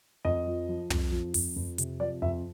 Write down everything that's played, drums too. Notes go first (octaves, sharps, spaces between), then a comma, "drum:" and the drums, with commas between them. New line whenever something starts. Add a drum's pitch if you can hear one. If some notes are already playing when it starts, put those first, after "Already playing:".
F2 D#5
F3
F3
F2, drum: tom
F3
F2, drum: open hi-hat
F2
C3, drum: hi-hat
F3 D5
F2 E5